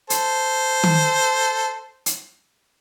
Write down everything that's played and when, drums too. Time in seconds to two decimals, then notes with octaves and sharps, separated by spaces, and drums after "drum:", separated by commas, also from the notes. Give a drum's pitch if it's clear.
0.10 A4 C5, drum: hi-hat
0.84 drum: tom D#3
2.06 drum: hi-hat